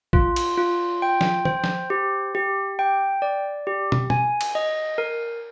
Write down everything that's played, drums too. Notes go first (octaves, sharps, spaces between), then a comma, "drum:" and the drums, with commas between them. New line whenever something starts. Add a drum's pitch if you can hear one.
F4, drum: kick A#1
drum: cymbal
F4
G5
drum: snare
C5, drum: tom
drum: snare
G4
G4
G5
D5
G4
drum: tom
G#5, drum: tom
drum: cymbal
D#5
A#4